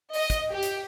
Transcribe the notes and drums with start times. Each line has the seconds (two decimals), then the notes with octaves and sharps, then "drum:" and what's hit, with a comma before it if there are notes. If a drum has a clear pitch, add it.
0.14 D#5, drum: open hi-hat
0.30 drum: kick, hi-hat
0.51 G4
0.63 drum: hi-hat